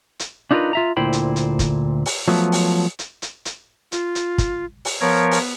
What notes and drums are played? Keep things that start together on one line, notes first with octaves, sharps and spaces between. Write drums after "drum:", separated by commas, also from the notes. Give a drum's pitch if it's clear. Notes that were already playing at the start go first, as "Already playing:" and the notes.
drum: hi-hat
D4 D#4 F4 F#4 A#4 B4
F4 E5 A#5
D2 A#2 E4 C5 G5 B5
drum: hi-hat
drum: hi-hat
drum: kick, hi-hat
drum: open hi-hat
F3 F#3 A3 B3
drum: open hi-hat
drum: hi-hat
drum: hi-hat
drum: hi-hat
F4, drum: hi-hat
drum: hi-hat
drum: kick, hi-hat
drum: open hi-hat
F3 B3 A#4 C#5
drum: open hi-hat